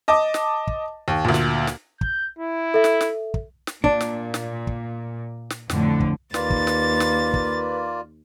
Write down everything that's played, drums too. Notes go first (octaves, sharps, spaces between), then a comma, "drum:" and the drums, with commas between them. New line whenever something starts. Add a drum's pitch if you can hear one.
D#5 A5 D6
drum: snare
drum: kick
D#2
D2 A#2
drum: snare
drum: snare
G6, drum: kick
E4
A4 E5
drum: snare
drum: snare
drum: kick
drum: snare
A#2 D4, drum: kick
drum: snare
drum: snare
drum: kick
drum: snare
F2 A2 D3, drum: snare
drum: kick
D#2 A#3 F4 B4 D5 A6, drum: snare
drum: kick
drum: snare
drum: snare
drum: kick